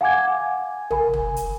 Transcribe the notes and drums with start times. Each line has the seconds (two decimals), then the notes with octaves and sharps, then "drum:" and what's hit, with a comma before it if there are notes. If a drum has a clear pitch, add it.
0.01 F5 F#5 G#5 D6 G#6
0.91 A#4 G#5 B5, drum: tom
1.13 drum: tom
1.36 drum: hi-hat